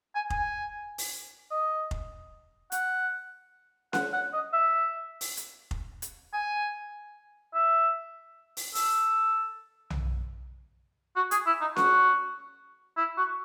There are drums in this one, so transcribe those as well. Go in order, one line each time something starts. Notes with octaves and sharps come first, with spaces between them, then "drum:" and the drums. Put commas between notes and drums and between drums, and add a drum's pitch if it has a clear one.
G#5
G#5, drum: kick F1
drum: open hi-hat
D#5
drum: kick F1
F#5, drum: hi-hat
F#5, drum: snare C#4
F#5
D#5
E5
drum: open hi-hat
drum: hi-hat
drum: kick F1
drum: hi-hat
G#5
E5
drum: open hi-hat
A4, drum: open hi-hat
drum: tom B1
F#4
G#4, drum: hi-hat
E4
D#4
F#4, drum: snare C#4
E4
F#4